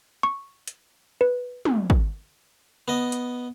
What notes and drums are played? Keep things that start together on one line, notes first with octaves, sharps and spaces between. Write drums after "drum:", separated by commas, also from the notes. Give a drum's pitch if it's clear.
C#6
drum: hi-hat
B4
drum: tom
drum: kick
B3 D#5
drum: hi-hat